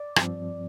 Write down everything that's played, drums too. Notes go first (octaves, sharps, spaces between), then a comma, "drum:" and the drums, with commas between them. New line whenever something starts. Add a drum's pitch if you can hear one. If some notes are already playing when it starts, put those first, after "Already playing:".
Already playing: D5
G2 F3 C4, drum: rim click